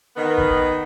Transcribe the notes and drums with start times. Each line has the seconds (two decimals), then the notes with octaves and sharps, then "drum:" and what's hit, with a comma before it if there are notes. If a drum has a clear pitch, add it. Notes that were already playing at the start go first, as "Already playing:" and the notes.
0.17 D#3 B3
0.38 drum: kick